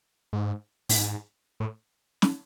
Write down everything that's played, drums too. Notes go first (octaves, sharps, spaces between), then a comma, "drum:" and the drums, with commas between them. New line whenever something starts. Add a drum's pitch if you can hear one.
G#2
A2, drum: open hi-hat
G#2
A2
drum: snare